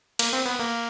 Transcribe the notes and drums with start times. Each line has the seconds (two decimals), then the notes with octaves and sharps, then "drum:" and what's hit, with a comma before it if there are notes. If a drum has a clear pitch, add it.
0.19 A#3, drum: cymbal
0.33 C4
0.46 B3
0.59 A#3